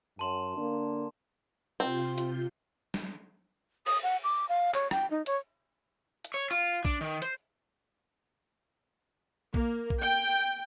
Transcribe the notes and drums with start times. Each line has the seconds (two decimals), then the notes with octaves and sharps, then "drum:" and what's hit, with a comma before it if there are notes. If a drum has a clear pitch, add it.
0.19 F#2 A5 C6 E7
0.57 D3 A#3 D4
1.80 C3 C4 F4 G6
2.18 drum: hi-hat
2.94 drum: snare
3.86 D#6, drum: cymbal
4.03 F#5
4.24 D6
4.49 F5
4.74 C#5, drum: clap
4.91 G5, drum: rim click
5.10 D#4
5.26 C#5, drum: hi-hat
6.24 drum: hi-hat
6.34 C#5
6.51 F4, drum: hi-hat
6.85 D4, drum: kick A#1
7.01 D#3
7.22 C5, drum: hi-hat
9.54 A#3, drum: kick A#1
9.90 drum: kick A#1
10.00 G5